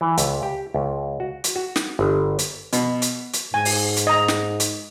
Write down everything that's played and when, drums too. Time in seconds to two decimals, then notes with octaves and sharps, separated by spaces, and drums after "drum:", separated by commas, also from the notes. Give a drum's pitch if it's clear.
0.01 E3
0.18 C#2, drum: hi-hat
0.43 G4
0.74 C#2
1.20 F#4
1.44 drum: hi-hat
1.56 F#4
1.76 drum: snare
1.99 G1
2.39 drum: hi-hat
2.73 B2, drum: hi-hat
3.02 drum: hi-hat
3.34 drum: hi-hat
3.54 G#2 G#5
3.65 drum: open hi-hat
3.97 drum: hi-hat
4.07 D#5 A#5
4.28 drum: snare
4.60 drum: hi-hat